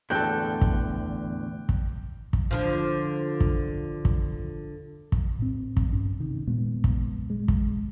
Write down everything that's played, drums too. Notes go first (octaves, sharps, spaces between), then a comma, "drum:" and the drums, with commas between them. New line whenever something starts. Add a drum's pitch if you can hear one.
E2 A2 D3 F#4 A4 G5 F#6 G6
drum: kick
drum: kick
drum: kick
D3 F3
drum: kick
drum: kick
drum: kick
A2 C4
drum: kick
G2 C#4
C3 D#3
F2 A#2 G#3 B3
drum: kick
G#3
drum: kick